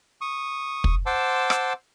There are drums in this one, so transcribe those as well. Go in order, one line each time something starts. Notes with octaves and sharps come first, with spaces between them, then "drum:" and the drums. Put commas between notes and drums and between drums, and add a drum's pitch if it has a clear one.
C#6 D#6
drum: kick
C5 F#5 A5 C6 D6 E6
drum: rim click